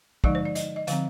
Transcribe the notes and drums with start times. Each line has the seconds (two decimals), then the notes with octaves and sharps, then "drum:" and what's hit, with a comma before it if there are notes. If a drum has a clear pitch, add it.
0.24 D3 F3 G#3 D#4 D5, drum: kick
0.35 C5
0.45 D5
0.55 D#5, drum: hi-hat
0.76 D#5
0.87 D3 F3 C4 F5, drum: hi-hat